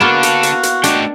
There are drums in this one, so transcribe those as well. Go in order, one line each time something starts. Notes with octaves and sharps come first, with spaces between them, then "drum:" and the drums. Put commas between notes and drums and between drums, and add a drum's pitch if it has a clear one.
A#3 B3 D4 F#4 A4 F5
drum: hi-hat
drum: hi-hat
drum: hi-hat
A3 D4 D#5 G5, drum: hi-hat